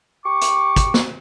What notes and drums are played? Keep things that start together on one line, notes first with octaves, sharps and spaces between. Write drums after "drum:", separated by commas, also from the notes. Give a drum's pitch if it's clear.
G4 C#6 D6
drum: hi-hat
drum: kick, hi-hat
drum: snare